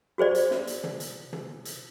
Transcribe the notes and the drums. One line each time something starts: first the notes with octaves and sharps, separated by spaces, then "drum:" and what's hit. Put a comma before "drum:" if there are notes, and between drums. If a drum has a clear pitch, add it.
F#4 G#4 C5 D5
drum: hi-hat
drum: snare
drum: hi-hat
drum: tom
drum: hi-hat
drum: tom
drum: hi-hat